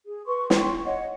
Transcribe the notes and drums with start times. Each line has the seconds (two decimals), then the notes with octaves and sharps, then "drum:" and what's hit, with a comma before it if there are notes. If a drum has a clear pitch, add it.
0.06 G#4
0.26 B4 C6 C#6
0.50 G5 C6 C#6, drum: snare
0.85 C#5 D#5 F#5